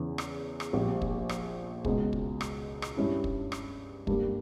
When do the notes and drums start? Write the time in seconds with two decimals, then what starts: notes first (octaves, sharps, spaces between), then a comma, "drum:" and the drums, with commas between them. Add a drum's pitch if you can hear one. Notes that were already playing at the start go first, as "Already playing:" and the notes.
Already playing: E2 C#3 E3
0.18 drum: rim click
0.60 drum: rim click
0.73 A#1 A#2 G3
1.02 drum: kick
1.29 drum: rim click
1.85 C#2 B2 G#3, drum: kick
2.13 drum: kick
2.41 drum: rim click
2.82 drum: rim click
2.96 G2 G3 C#4 E4
3.24 drum: kick
3.52 drum: rim click
4.07 G2 G3 A#3, drum: kick